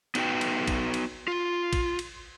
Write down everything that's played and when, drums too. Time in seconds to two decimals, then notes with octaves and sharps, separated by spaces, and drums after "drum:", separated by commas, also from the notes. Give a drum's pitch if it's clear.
0.15 B3 D#4 F#4 B4 G5, drum: cymbal
0.41 drum: cymbal
0.68 drum: kick, cymbal
0.94 drum: cymbal
1.28 F4
1.73 drum: kick, cymbal
1.99 drum: cymbal